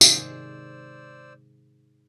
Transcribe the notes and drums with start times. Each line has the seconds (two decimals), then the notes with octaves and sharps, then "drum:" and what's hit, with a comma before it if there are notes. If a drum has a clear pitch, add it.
0.01 G#2 C3 D#3 G#4 C5 D5 D#5 E6, drum: tambourine